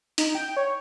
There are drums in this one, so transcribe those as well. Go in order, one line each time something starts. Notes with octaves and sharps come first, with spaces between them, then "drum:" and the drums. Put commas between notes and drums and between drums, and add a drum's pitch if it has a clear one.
D#4, drum: hi-hat
G5
C#5